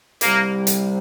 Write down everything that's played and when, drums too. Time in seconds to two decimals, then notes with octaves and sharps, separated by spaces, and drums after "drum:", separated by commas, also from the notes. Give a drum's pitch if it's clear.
0.21 C2 C3 G3 A#3, drum: hi-hat
0.67 drum: hi-hat